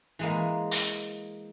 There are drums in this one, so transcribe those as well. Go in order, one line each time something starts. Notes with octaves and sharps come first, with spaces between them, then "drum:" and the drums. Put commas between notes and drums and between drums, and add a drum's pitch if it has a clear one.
E3 G#3 A#3
drum: hi-hat